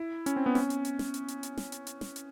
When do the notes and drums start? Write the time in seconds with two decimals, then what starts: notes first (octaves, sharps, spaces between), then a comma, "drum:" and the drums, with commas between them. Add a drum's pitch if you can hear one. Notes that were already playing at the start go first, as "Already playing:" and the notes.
Already playing: E4
0.26 C#4, drum: hi-hat
0.36 C4
0.46 B3
0.55 C#4, drum: snare
0.70 drum: hi-hat
0.85 drum: hi-hat
0.99 drum: snare
1.14 drum: hi-hat
1.28 drum: hi-hat
1.43 drum: hi-hat
1.58 drum: snare
1.72 drum: hi-hat
1.87 drum: hi-hat
2.01 drum: snare
2.16 drum: hi-hat